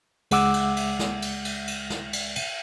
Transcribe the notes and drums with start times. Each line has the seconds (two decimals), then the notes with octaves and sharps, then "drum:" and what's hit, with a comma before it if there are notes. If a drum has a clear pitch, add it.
0.31 C#2 G#3 F#5 D6 E6, drum: cymbal
0.54 drum: cymbal
0.77 drum: cymbal
0.99 drum: snare
1.22 drum: cymbal
1.45 drum: cymbal
1.67 drum: cymbal
1.90 drum: snare
2.13 drum: cymbal
2.36 drum: cymbal